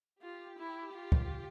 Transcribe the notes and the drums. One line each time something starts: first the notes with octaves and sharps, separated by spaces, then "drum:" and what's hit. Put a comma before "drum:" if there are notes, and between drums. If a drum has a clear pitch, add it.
F4 G4
E4
F4
drum: kick